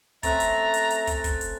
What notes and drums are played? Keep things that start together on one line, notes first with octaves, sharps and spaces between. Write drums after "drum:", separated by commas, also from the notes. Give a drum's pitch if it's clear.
A3 C4 C#4 E5 A#5 F#6 A6, drum: kick, hi-hat
drum: hi-hat
drum: hi-hat
drum: hi-hat
drum: kick, hi-hat
drum: kick, hi-hat
drum: hi-hat